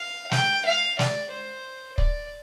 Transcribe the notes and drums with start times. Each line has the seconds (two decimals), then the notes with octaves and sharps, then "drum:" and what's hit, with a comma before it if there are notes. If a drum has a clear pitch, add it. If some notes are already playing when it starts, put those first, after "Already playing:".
Already playing: F5
0.31 G5, drum: snare
0.65 F5
0.99 D5, drum: snare
1.31 C5
1.98 D5, drum: kick